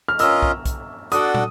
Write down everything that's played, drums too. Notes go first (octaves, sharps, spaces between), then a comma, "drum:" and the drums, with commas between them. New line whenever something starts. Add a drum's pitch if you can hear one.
F6
C#4 F4 A#4 D#5 E6, drum: hi-hat
drum: kick
drum: kick, hi-hat
D4 F#4 A4 D5 F#5 D#6, drum: hi-hat
drum: tom